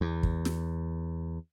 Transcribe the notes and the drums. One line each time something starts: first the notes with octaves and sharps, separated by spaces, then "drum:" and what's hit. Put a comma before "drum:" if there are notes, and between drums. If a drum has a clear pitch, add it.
E2
drum: kick
drum: snare